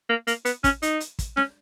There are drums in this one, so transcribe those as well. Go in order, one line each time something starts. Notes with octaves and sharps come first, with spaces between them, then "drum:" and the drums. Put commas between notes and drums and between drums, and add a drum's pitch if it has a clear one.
A#3
A#3, drum: hi-hat
B3, drum: hi-hat
C#4, drum: kick, hi-hat
D#4, drum: hi-hat
drum: hi-hat
drum: kick, hi-hat
C#4, drum: snare